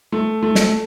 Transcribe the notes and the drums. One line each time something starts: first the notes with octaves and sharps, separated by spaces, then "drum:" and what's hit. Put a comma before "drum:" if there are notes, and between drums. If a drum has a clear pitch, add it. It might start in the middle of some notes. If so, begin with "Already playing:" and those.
A3
A3
drum: snare